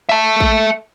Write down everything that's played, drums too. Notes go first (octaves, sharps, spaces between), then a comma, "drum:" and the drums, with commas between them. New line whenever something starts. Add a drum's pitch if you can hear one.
E5 A5
drum: kick